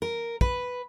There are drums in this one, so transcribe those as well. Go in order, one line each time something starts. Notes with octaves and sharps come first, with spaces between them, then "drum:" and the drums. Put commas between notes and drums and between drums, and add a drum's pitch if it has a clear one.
A#4
B4, drum: kick